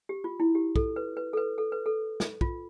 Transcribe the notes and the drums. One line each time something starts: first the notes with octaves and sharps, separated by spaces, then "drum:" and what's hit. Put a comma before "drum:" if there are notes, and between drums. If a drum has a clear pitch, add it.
G4
F4
E4
G4
A4, drum: kick
B4
B4
A4
B4
A4
B4
A4
drum: snare
F4, drum: kick